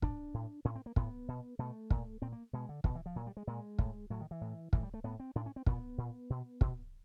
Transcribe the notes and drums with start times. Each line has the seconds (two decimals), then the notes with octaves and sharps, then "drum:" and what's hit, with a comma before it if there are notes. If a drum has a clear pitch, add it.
0.02 A2 D4, drum: kick
0.34 A2
0.65 A2 C#4
0.75 C4
0.86 A#3
0.96 A2 B3, drum: kick
1.28 B2
1.59 B2 A3
1.90 A#2, drum: kick
2.22 A#2 C4
2.32 A#3
2.53 B2 G#3
2.69 D3
2.84 B2 D#3, drum: kick
2.95 E3
3.06 F3
3.16 A#2 F#3
3.26 G3
3.37 G#3
3.47 A#2 G#3
3.79 A2, drum: kick
4.10 A2 F#3
4.21 D#3
4.31 E3
4.41 A2
4.73 A2 E3, drum: kick
4.83 G3
4.94 A3
5.04 A2 B3
5.20 C4
5.35 A2 D4
5.46 C#4
5.56 C4
5.66 A#2 B3, drum: kick
5.98 A#2
6.30 B2
6.61 B2, drum: kick